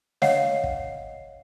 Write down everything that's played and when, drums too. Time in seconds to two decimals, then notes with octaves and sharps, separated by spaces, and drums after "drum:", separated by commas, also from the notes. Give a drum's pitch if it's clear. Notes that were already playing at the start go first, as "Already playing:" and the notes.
0.22 C#5 D#5 F5 F#5 C7, drum: snare
0.64 drum: kick